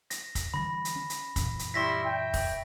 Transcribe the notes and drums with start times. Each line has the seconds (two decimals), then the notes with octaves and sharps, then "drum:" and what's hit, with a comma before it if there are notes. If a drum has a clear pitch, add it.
0.10 A#6, drum: hi-hat
0.35 drum: kick, hi-hat
0.54 D3 E3 G3 B5 A#6
0.85 drum: hi-hat
0.96 C#4
1.10 drum: hi-hat
1.36 F#2 A#2 E3, drum: kick, hi-hat
1.59 drum: hi-hat
1.74 G3 E4 C6 C#6 A#6 B6
2.05 E5 G5
2.34 drum: kick, open hi-hat